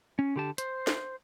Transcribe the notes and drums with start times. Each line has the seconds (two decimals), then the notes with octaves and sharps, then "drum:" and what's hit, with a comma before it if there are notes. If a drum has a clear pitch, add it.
0.19 C#4
0.36 D3 G4 A5
0.58 C5, drum: hi-hat
0.87 drum: snare